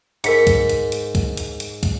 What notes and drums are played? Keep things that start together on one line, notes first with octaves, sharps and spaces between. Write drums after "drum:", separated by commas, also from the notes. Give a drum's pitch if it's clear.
G#2 A#4 B6 C#7, drum: hi-hat
drum: kick, hi-hat
drum: hi-hat
drum: hi-hat
drum: kick, hi-hat
drum: hi-hat
drum: hi-hat
drum: kick, hi-hat